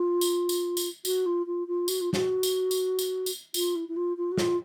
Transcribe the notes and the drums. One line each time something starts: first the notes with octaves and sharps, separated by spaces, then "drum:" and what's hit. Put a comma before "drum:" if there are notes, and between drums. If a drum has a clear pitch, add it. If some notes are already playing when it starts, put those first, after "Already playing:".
Already playing: F4
drum: tambourine
drum: tambourine
drum: tambourine
F#4, drum: tambourine
F4
F4
F4
F#4, drum: tambourine
F4
F#4, drum: snare
drum: tambourine
drum: tambourine
drum: tambourine
drum: tambourine
F4, drum: tambourine
E4
E4
F4
F4
F#4
F4, drum: snare